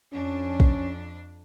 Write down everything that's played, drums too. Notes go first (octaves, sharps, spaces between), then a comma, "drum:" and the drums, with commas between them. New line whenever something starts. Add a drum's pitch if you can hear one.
F2 C#4 D4
drum: kick A#1